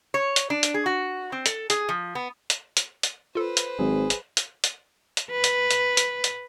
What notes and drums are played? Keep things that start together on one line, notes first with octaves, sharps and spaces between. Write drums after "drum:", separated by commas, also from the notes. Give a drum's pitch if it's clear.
C#5
drum: hi-hat
D4
drum: hi-hat
G#4
F#4
C4
A4, drum: hi-hat
G#4, drum: hi-hat
F3
B3
drum: hi-hat
drum: hi-hat
drum: hi-hat
F4 A4 B4 C5
drum: hi-hat
G#1 F#3 G#4
drum: hi-hat
drum: hi-hat
drum: hi-hat
drum: hi-hat
B4
drum: hi-hat
drum: hi-hat
drum: hi-hat
drum: hi-hat